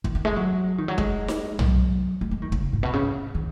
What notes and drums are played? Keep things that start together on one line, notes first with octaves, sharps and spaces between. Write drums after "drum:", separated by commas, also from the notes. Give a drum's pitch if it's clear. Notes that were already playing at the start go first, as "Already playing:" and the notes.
D#3, drum: kick
D#3
G#3
F#3
D#3
F#3
G#3, drum: kick
drum: snare D#4
F#3, drum: tom
G#3
G#3
D#3
C#3, drum: kick
G#2
B2
C#3
G#2
D#3